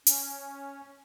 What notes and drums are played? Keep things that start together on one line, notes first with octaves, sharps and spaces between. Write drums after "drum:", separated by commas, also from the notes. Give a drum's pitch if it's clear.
C#4, drum: hi-hat